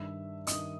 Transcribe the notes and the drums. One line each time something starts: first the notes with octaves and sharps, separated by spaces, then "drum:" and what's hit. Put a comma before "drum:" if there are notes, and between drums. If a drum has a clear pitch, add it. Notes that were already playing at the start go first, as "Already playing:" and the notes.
Already playing: G2 D#3 E5 E6
G2 D#3 D#5 D#6, drum: hi-hat